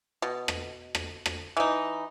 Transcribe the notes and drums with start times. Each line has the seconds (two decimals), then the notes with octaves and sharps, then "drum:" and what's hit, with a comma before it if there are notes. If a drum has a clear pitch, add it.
0.22 B2
0.48 drum: rim click
0.95 drum: rim click
1.26 drum: rim click
1.57 E3 D#4